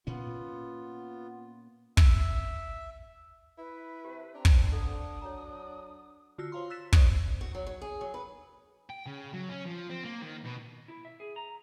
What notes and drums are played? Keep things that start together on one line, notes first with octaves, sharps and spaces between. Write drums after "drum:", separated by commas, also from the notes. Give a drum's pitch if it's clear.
A#2 B3 C#4 F4
E5, drum: kick
E4 B4
C3 G4
C4 D4 A#5
drum: kick
D3 A4 D5 F#5 D#6
F#3 C#5 A#5
D3 F4 F#4 E6 A#6 C#7
C5 C#5 F5 A#5 C6
E6 F#6 A6 B6 E7
C5 D5 E5 C#6 D#6 F#6, drum: kick
F#4
F#3
F#3
G#4
F#3
B4
G5
C#3
F#3
C#4
F3
C4
A#3
D#3
B2
E4
E5
G#4
A#5